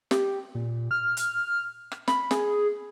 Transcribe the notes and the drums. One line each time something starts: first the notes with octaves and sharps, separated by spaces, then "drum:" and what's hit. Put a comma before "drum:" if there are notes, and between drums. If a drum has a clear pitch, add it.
G4, drum: snare
A#2
F6
drum: hi-hat
drum: rim click
B5, drum: snare
G#4, drum: snare